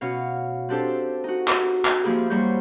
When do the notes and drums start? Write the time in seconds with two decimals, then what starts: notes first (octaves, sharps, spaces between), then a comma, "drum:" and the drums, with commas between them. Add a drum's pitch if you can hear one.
0.01 B2 C#4 C#5 F5
0.69 C4 D4 G4 A4 C5
1.24 D#4 F#4
1.48 drum: clap
1.85 drum: clap
2.04 F3 A#3 E4 G4 G#4
2.30 F#2 G3 A#3 C5 C#6 G6